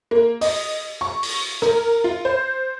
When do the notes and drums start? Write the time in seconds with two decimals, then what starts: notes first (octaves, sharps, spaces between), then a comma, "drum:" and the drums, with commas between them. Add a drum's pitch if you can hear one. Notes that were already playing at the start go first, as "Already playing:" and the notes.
0.11 A#3
0.41 D#5, drum: open hi-hat
1.01 C#6
1.23 drum: open hi-hat
1.62 A#4, drum: rim click
2.04 F4
2.25 C5